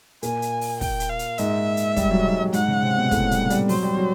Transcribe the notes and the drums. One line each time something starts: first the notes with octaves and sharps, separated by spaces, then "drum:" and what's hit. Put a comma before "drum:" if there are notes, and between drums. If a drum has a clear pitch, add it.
A#2 A#3 G#5, drum: hi-hat
drum: hi-hat
drum: open hi-hat
G5, drum: kick, open hi-hat
drum: hi-hat
F5
drum: hi-hat
G#2 G#3 E5, drum: hi-hat
drum: hi-hat
G3, drum: kick, hi-hat
F#3
G#2 G#3
G3
G#2 G#3 F#5, drum: hi-hat
C#3 C#4
C3 C4
B2 B3
A2 A3, drum: kick, hi-hat
G3, drum: hi-hat
G3, drum: hi-hat
F#3 C5, drum: open hi-hat
G3
F#3